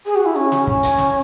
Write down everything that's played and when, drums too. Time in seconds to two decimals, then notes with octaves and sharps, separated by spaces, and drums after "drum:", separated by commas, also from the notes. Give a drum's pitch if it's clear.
0.06 G#4
0.16 F#4
0.25 E4
0.36 C#4
0.52 drum: snare
0.67 drum: kick
0.83 drum: hi-hat
0.98 drum: snare